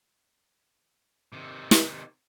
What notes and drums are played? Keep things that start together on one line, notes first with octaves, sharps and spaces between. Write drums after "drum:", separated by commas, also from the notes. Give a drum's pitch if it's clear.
C3 D#3
drum: snare